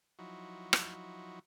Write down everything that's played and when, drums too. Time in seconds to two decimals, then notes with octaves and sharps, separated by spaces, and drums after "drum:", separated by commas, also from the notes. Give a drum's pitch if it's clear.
0.19 F3 F#3 D#4 E4 F#4
0.73 drum: rim click